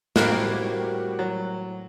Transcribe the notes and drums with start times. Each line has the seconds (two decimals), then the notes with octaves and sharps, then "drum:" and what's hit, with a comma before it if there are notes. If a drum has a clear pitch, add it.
0.16 A2 G3 A#3 C4 F#4 A#4 F#6, drum: snare
1.19 F#3